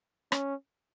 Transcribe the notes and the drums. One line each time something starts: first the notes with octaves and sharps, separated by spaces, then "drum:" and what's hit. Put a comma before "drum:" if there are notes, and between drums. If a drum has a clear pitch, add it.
C#4, drum: rim click